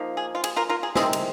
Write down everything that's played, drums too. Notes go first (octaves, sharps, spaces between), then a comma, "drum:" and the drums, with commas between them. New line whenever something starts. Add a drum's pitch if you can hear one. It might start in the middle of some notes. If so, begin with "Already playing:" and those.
Already playing: F3 A#3 D#4
G#4
F4
G#4, drum: cymbal
F4 A#4
F4 A#4
G#4
C3 D#3 G#3 C4 G#4, drum: snare
drum: cymbal